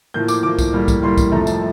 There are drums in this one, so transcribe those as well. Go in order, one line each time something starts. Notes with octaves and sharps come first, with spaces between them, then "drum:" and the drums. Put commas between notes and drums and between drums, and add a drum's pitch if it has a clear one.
A2 F3 A#3 G6
D6, drum: tambourine
A2 F3 A#3 D6
drum: kick C2, tambourine
A2 G3 A#3
drum: kick C2, tambourine
A2 G3 A#3 C6
drum: kick C2, tambourine
F2 C3 F3 A3 A#5
A5, drum: tambourine